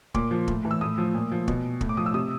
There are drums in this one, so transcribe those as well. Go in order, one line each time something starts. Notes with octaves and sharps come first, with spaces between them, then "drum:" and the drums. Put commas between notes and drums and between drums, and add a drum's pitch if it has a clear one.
A#2 D6, drum: kick
F3
A2, drum: kick
E3
E6
A2 D#6
F3
A#2
F3
B2, drum: kick
A2, drum: kick
D6
F3 D#6
E6
C3 D#6